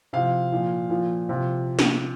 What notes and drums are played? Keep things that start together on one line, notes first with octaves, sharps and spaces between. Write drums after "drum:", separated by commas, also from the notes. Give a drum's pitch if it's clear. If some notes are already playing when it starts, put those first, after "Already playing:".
C3 F3 F5
A#2 F3
A#2 F3
C3 F3
drum: snare